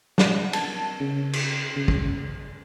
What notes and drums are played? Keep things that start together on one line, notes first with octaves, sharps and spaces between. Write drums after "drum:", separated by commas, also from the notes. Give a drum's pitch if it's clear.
F#5, drum: snare
A5, drum: cymbal
C#3
drum: cymbal
C#3
drum: kick